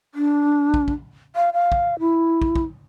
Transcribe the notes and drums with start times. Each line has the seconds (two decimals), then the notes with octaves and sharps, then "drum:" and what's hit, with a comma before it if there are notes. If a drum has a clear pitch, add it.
0.15 D4
0.74 drum: kick
0.88 drum: kick
1.36 F5
1.54 F5
1.72 drum: kick
2.00 E4
2.42 drum: kick
2.56 drum: kick